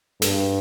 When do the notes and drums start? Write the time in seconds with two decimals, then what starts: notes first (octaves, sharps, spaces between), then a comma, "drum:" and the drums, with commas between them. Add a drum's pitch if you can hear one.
0.22 G2, drum: snare